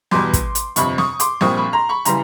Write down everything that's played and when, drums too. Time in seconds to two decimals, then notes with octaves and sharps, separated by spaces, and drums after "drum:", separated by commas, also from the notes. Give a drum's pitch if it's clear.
0.11 E2 B2 G3 C6 D6, drum: snare
0.33 drum: kick, hi-hat
0.55 drum: hi-hat
0.76 G1 F2 C3 B5 C#6, drum: hi-hat
0.98 C#6 D#6, drum: snare
1.20 C6 D6, drum: hi-hat
1.41 A#1 A#2 G3 C4 C#6 D#6, drum: snare
1.57 B5 C#6
1.73 A#5 C6
1.89 B5 C#6
2.05 C#3 E3 G3 A#5 C6, drum: hi-hat